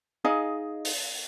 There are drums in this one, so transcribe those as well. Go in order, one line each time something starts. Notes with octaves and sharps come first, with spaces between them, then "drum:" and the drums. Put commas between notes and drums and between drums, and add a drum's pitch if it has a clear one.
D#4 G#4 D#5 F5
drum: open hi-hat